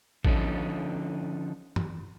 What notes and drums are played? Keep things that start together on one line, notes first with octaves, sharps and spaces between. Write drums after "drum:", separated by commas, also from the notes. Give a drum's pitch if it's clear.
D3 F3 C#4 D#4, drum: kick A1
drum: tom